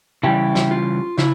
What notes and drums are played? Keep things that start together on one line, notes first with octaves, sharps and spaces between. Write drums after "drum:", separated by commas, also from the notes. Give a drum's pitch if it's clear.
C#3 E3 G3 E4 G4
drum: snare
F4
C#3 E4, drum: snare